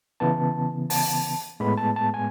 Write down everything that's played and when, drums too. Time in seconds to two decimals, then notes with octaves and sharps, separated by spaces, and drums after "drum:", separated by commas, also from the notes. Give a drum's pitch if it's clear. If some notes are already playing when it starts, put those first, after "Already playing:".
0.20 C#3 E3 B3 A5
0.90 A5, drum: open hi-hat
1.60 A2 G#3 B3 B5
1.78 A5
1.96 A5
2.14 G#5